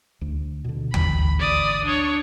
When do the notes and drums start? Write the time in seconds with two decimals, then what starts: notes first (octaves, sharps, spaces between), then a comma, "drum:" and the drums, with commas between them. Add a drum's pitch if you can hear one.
0.21 D2
0.64 B2 D3
0.94 G#1 D2 E3 B5, drum: tom
1.40 D5 D#6
1.86 D4 C#5